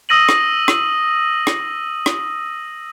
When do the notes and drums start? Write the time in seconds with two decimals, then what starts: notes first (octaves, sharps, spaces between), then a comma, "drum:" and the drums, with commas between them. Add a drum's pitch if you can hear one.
0.09 D#6 E6 A#6 D#7 F#7
0.29 drum: rim click
0.68 drum: rim click
1.47 drum: rim click
2.06 drum: rim click